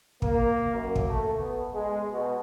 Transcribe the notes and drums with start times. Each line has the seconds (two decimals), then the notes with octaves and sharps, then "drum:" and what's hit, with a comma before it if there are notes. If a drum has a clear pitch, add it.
0.22 A#3, drum: kick
0.74 F#2
0.96 drum: kick
1.09 A3
1.40 B3
1.75 G#3
2.12 B2